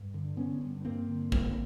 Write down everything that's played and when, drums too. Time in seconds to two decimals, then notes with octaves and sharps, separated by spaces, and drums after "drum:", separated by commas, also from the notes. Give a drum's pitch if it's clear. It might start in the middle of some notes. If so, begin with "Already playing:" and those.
Already playing: G2
0.14 D3
0.37 D3 B3 C#4
0.61 G2
0.85 G2 A#3 C4
1.09 D3
1.32 D3, drum: kick